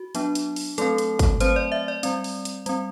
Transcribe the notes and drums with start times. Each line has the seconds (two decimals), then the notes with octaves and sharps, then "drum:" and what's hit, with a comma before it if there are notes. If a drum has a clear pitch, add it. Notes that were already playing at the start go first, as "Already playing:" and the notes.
Already playing: F#4
0.15 F#3 B3 D4, drum: hi-hat
0.35 drum: hi-hat
0.56 drum: open hi-hat
0.78 F#3 A3 C4 A4, drum: hi-hat
0.98 drum: hi-hat
1.19 drum: kick, hi-hat
1.40 F#3 A3 C4 C5, drum: hi-hat
1.56 D5
1.72 E5
1.88 D5
2.03 G3 C4, drum: hi-hat
2.24 drum: open hi-hat
2.45 drum: hi-hat
2.66 G3 C4, drum: hi-hat